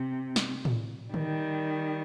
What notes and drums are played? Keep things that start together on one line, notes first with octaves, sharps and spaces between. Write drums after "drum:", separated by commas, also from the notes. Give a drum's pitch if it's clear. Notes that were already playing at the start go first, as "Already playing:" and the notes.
Already playing: C3
drum: snare
drum: tom A2
D#3 G3, drum: tom D3